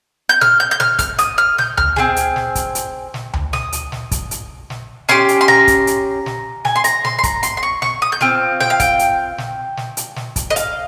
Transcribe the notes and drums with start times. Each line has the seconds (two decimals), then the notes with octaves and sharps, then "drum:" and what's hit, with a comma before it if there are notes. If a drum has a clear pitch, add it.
0.29 G6
0.41 F6, drum: snare
0.60 G6
0.71 G6
0.80 F6, drum: snare
0.99 F6, drum: kick, hi-hat
1.19 D#6, drum: hi-hat
1.38 F6
1.58 G6, drum: snare
1.77 F6, drum: tom D2
1.96 C4 F4 G#4, drum: snare
2.16 drum: hi-hat
2.36 drum: snare
2.55 drum: kick, hi-hat
2.75 drum: hi-hat
3.14 drum: snare
3.33 drum: tom D2
3.53 D#6, drum: snare
3.72 drum: hi-hat
3.92 drum: snare
4.12 drum: kick, hi-hat
4.31 drum: hi-hat
4.70 drum: snare
5.09 C#4 G4 C6, drum: snare
5.29 drum: hi-hat
5.41 C6
5.48 A#5, drum: snare
5.68 drum: kick, hi-hat
5.87 drum: hi-hat
6.26 drum: snare
6.65 G#5, drum: snare
6.76 C6
6.84 A#5, drum: hi-hat
7.05 C6, drum: snare
7.19 C6
7.24 A#5, drum: kick, hi-hat
7.43 C6, drum: hi-hat
7.57 C6
7.63 C#6
7.82 C#6, drum: snare
8.02 D#6
8.12 G6
8.21 C4 F4 F6, drum: snare
8.60 G5, drum: snare
8.70 F5
8.80 G5, drum: kick, hi-hat
8.99 drum: hi-hat
9.38 drum: snare
9.77 drum: snare
9.97 drum: hi-hat
10.16 drum: snare
10.36 drum: kick, hi-hat
10.50 D#5
10.56 F5, drum: hi-hat